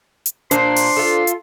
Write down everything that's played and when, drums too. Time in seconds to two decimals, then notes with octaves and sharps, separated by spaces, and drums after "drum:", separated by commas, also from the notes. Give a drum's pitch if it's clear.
0.26 drum: hi-hat
0.51 A#2 A#3 D4 C5 C6, drum: hi-hat
0.76 drum: open hi-hat
0.97 F4 A4
1.27 drum: hi-hat